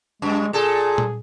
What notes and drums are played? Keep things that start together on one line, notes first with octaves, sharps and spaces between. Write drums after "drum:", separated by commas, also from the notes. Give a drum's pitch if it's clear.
F#2 G#3
A#2 G#4 A4
drum: tom A#2